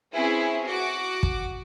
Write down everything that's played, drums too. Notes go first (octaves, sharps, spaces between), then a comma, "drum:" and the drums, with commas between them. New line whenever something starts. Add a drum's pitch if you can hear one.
C4 C#4 E4 G#4 B4
F#4 F#5 D6
drum: kick